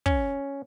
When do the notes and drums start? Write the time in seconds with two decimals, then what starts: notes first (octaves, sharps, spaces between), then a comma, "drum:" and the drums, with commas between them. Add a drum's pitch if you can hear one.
0.06 C#4, drum: kick